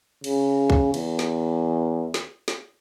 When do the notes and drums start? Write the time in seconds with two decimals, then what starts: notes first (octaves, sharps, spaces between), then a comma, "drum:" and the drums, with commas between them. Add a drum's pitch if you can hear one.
0.24 C#3, drum: cymbal
0.70 drum: kick
0.94 E2, drum: cymbal
1.19 drum: snare
2.14 drum: snare
2.48 drum: snare